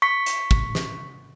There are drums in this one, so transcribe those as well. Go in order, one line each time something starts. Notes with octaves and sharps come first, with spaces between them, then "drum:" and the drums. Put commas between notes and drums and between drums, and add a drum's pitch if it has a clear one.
C#6 B6
drum: hi-hat
drum: kick
drum: snare